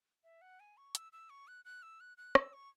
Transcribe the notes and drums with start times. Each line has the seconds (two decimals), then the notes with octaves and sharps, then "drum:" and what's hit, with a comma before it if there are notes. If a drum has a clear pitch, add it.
0.24 E5
0.41 F#5
0.60 G#5
0.77 C#6
0.95 E6, drum: hi-hat
1.12 E6
1.30 C#6
1.48 F#6
1.65 F#6
1.83 E6
2.00 F#6
2.18 F#6
2.35 E6, drum: rim click
2.53 C#6